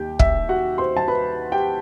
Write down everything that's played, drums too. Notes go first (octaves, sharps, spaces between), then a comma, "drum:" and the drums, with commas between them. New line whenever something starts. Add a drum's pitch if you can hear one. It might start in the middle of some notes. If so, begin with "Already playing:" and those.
Already playing: D#2 D#3 G4 G5
E5, drum: kick
F#4 F#5
C5 C6
A5
B4 B5
G4 G5